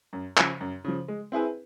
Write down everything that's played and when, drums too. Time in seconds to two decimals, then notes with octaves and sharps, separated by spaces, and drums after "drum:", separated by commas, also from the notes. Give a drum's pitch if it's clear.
0.13 F#2
0.37 C#3 F3, drum: clap
0.61 F#2
0.84 C#3 F3
1.08 G#3
1.32 C4 E4 G#4 B4